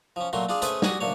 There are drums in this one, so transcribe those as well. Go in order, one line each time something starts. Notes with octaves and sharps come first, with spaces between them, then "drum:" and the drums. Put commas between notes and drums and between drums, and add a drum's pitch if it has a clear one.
F3 C#4
A#2 F#3 A3 C6
D4 F4 G#4 D5
A3 C#4 G#4 B4 C5 E5, drum: hi-hat
G3 F#4 G#5 D#6, drum: snare
D2 A#2 D4 C#5